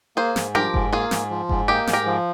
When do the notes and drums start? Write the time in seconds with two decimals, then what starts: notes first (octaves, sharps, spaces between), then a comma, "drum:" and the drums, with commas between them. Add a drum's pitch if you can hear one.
0.17 A#3 G#4 C5
0.36 G#2, drum: snare
0.55 F3 G4 A#4, drum: tom D4
0.74 G#2, drum: kick F#1
0.93 A#3 F4 G#4
1.11 G#2, drum: snare
1.30 F3
1.49 G#2, drum: kick F#1
1.68 A#3 D#4 G4
1.87 G#2, drum: snare
1.93 G4 A#4
2.06 F3